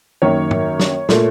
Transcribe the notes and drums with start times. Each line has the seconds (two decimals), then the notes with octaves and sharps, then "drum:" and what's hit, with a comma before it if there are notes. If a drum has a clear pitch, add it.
0.22 F#2 D#3 A#3 C#5
0.51 drum: tom
0.80 drum: snare
1.09 A#2 A3, drum: snare